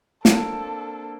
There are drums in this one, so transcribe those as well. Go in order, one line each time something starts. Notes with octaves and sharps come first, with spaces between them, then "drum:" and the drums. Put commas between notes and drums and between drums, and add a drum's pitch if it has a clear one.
A#3 C4 D4 A4, drum: snare